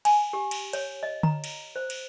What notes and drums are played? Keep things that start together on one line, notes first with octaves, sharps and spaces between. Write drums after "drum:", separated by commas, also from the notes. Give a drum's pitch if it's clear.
G#5, drum: cymbal
G4
drum: cymbal
C#5, drum: cymbal
D#5
A#5, drum: tom D3
drum: cymbal
C5
drum: cymbal